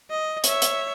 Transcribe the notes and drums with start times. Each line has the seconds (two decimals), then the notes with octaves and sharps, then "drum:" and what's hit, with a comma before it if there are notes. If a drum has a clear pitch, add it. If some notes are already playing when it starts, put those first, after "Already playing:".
0.10 D#5
0.44 C#5 E5, drum: hi-hat
0.62 drum: hi-hat